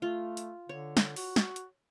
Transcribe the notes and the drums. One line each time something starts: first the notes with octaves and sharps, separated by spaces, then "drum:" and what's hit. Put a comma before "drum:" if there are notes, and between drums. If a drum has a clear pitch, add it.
A3 F4
drum: hi-hat
D3 C#5
drum: snare
F#4, drum: open hi-hat
drum: snare
drum: hi-hat